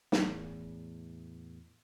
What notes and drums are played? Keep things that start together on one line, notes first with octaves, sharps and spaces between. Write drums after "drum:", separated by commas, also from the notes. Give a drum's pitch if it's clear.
E2 A2, drum: snare